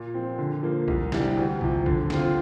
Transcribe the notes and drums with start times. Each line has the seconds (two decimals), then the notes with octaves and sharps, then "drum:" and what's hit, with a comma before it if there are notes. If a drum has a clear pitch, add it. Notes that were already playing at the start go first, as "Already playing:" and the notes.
Already playing: A#2
0.14 F3 C4
0.38 D3
0.63 F3 A#3
0.88 C2, drum: kick
1.12 C3 E3 G3 D4, drum: snare
1.37 D2
1.61 C3 F3, drum: kick
1.86 D3, drum: kick
2.10 F3 C4 F4, drum: snare